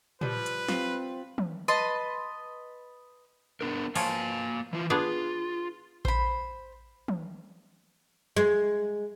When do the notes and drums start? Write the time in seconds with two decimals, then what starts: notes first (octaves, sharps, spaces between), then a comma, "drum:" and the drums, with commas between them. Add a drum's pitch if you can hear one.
0.21 F3 G3 B4, drum: tom
0.46 drum: hi-hat
0.68 C4 F4, drum: snare
1.38 drum: tom
1.68 B4 D#5 A5 C6
3.61 B3 D4 A#4
3.95 F3 A#3 F4 C#5 F5 G#5, drum: open hi-hat
4.73 E3 F4
4.90 B3 D4 F4 G#4
6.05 C5 B5, drum: kick A1
7.08 drum: tom
8.36 G#3